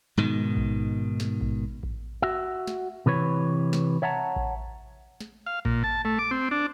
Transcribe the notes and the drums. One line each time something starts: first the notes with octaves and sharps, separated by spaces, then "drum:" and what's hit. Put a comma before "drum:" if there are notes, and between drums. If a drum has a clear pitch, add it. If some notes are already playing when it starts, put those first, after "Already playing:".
G#2 B2 D#3
drum: kick A1
drum: snare
drum: kick A1
drum: kick A1
F#4 E5
drum: snare
C3 E3 B4 C#5
drum: snare
C#5 E5 F#5 A5 A#5
drum: kick A1
drum: snare
F5
A#2, drum: kick A1
A5
A3
D6
C4
D4